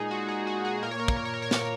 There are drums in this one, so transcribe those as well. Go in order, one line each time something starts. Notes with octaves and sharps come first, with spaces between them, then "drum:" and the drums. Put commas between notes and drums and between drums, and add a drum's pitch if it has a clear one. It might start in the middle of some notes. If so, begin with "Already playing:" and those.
Already playing: A#2 G#3 D#4 G#4
F#4
G#4
F#4
G#4
A#2 A#3 A#4
C#5
A#4
C#5, drum: kick
A#4
C#5
A#4
C#5
A#4, drum: snare